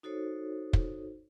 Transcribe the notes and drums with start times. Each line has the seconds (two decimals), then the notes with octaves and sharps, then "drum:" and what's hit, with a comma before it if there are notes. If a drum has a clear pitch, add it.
0.03 D#4 F#4 A4 C5 C#5
0.73 drum: kick